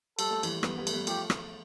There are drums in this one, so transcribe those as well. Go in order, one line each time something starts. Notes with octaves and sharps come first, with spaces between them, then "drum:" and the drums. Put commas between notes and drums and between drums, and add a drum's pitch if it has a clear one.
G3 A4, drum: cymbal
A3
E3 G3, drum: cymbal
G3 B3, drum: rim click
G3 B3
A3, drum: cymbal
G3 B3
F3 A3 G4, drum: cymbal
drum: rim click